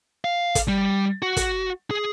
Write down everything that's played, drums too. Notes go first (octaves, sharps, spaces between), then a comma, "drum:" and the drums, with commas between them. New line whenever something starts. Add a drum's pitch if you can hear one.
F5
drum: kick, hi-hat
G3
F#4
drum: kick, hi-hat
G#4